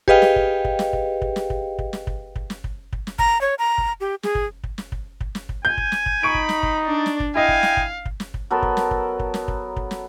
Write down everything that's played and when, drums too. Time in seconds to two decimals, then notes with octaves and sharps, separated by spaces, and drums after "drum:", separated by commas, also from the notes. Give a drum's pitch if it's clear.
0.08 G4 G#4 B4 D#5 F5 G5, drum: kick
0.22 drum: snare
0.36 drum: kick
0.65 drum: kick
0.79 drum: snare
0.93 drum: kick
1.22 drum: kick
1.36 drum: snare
1.50 drum: kick
1.79 drum: kick
1.93 drum: snare
2.07 drum: kick
2.36 drum: kick
2.50 drum: snare
2.64 drum: kick
2.93 drum: kick
3.07 drum: snare
3.19 A#5, drum: kick
3.41 C#5
3.59 A#5
3.78 drum: kick
4.01 G4
4.23 G#4, drum: snare
4.35 drum: kick
4.64 drum: kick
4.78 drum: snare
4.92 drum: kick
5.21 drum: kick
5.35 drum: snare
5.49 drum: kick
5.65 G#5 G6
5.78 drum: kick
5.92 drum: snare
6.06 drum: kick
6.23 D#4 B5 C#6 D7
6.35 drum: kick
6.49 drum: snare
6.63 drum: kick
6.85 D4 D5
7.06 drum: snare
7.20 drum: kick
7.35 E4 D#5 F5 G5 G#5
7.49 drum: kick
7.63 drum: snare
7.77 drum: kick
8.06 drum: kick
8.20 drum: snare
8.34 drum: kick
8.51 F#3 B3 A4 A#4
8.62 drum: kick
8.77 drum: snare
8.91 drum: kick
9.19 drum: kick
9.34 drum: snare
9.48 drum: kick
9.76 drum: kick
9.91 drum: snare